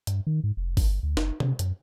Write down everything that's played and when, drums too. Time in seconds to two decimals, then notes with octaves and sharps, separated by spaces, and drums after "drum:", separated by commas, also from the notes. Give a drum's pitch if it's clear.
0.07 G2, drum: hi-hat
0.27 D#3
0.44 G#2
0.57 F1
0.77 G1, drum: kick, open hi-hat
1.03 D2
1.17 F#1, drum: snare
1.40 C3, drum: tom C3
1.59 F#2, drum: hi-hat